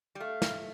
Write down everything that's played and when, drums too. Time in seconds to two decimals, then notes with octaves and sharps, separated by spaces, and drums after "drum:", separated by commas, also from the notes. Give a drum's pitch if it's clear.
0.15 G3
0.20 A3 F5
0.42 drum: snare